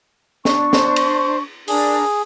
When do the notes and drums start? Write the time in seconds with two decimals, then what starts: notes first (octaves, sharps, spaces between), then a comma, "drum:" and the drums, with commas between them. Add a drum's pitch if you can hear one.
0.45 D4 C#6, drum: snare
0.73 C5, drum: snare
0.96 drum: cymbal
1.68 D4 G#4 A#4, drum: open hi-hat